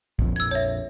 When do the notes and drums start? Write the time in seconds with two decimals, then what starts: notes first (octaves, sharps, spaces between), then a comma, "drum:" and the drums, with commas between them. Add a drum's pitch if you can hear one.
0.19 A#1 F2, drum: kick
0.36 E6 G#6
0.51 C#5 E5